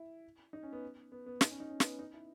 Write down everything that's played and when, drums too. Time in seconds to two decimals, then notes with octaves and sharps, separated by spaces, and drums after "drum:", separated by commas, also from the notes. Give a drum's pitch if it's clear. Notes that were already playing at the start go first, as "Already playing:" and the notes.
Already playing: E4
0.53 D#4
0.63 C#4
0.73 B3
1.12 B3
1.26 B3
1.41 D#4, drum: snare
1.50 C#4
1.60 D#4
1.70 C#4
1.80 B3, drum: snare
1.99 D#4
2.14 E4